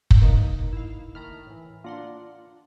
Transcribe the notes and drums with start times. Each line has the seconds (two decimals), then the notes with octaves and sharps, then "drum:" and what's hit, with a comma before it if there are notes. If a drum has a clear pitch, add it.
0.11 drum: kick
0.22 A#3 D#4 B4 D#5
0.73 E4 F5
1.15 D#3 A3 A#5 B5 F6
1.47 A2 E3
1.84 A#3 D4 F4 F#5 C6